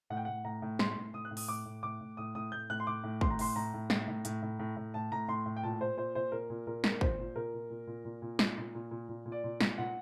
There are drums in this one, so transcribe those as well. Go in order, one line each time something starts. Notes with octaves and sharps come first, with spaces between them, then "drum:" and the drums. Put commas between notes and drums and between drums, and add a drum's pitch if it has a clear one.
A2 F#5
G5
A2 F#5
A2 A#5
A2
A2 C6, drum: snare
A2
A2 D#6
F#6
A2
D#6, drum: open hi-hat
A2 D6
A2
A2 D6
A2
A2 D#6
A2 D#6
A2 G6
A2 F#6
C6
A2 D6
A2
A2 C6, drum: kick
A#5
A2 C6, drum: open hi-hat
A2 A#5
A2
A2, drum: snare
A2
A2, drum: hi-hat
A2
A2
A2
A2 A5
A2 A#5
A2 C6
A2
G5
A#2 A5
A#2 C5
A#2 C5
A#2 C5
A#2 A#4
A#2
A#2 A#4
A#2, drum: snare
A#4
A#2 C5, drum: kick
A#2
A#2 A#4
A#2
A#2
A#2
A#2
A#2
A#2, drum: snare
A#2
A#2
A#2
A#2
A#2
D5
A#2
A#2, drum: snare
A#2 F#5